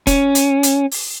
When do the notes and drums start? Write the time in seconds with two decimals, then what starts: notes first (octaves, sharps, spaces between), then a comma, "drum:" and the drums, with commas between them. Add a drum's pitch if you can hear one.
0.07 C#4, drum: kick, hi-hat
0.35 drum: hi-hat
0.63 drum: hi-hat
0.91 drum: open hi-hat